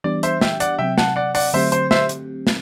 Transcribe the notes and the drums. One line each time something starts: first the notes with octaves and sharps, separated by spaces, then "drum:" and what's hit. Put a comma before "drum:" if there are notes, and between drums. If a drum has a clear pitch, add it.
E3 G3 B3 D4 G4 D5
C5 E5, drum: hi-hat
E5 G5, drum: snare
D5 F#5, drum: hi-hat
C3 F#3 C4 E5 G5
F#5 A5, drum: snare
D5 F#5
D5 F#5, drum: open hi-hat
D3 F#3 A3 C4 G4 C5 E5
C5, drum: hi-hat
C5 E5, drum: snare
drum: hi-hat
drum: snare